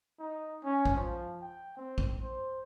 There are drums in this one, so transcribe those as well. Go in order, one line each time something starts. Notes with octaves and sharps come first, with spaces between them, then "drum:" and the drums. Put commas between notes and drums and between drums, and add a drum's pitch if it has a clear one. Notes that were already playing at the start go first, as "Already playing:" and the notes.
D#4
C#4
drum: kick
F3
G5
C4
drum: kick
C5